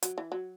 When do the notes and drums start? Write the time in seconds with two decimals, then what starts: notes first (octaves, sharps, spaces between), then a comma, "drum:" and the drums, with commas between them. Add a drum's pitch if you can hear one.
0.03 F#3, drum: hi-hat
0.18 E3
0.32 F#3